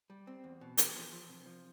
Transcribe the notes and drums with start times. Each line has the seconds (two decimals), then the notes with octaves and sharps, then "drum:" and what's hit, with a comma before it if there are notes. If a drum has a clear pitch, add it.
0.10 G3
0.27 C4
0.44 E2
0.61 B2
0.78 E2, drum: hi-hat
0.96 F3
1.12 F3
1.29 C3
1.46 F3